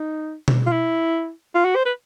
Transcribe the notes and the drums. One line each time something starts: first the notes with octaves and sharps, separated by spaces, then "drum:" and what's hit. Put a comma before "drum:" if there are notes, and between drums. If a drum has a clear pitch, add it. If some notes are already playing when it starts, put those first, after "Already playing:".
Already playing: D#4
drum: tom B2
F4
E4
F4
F#4
C5
B4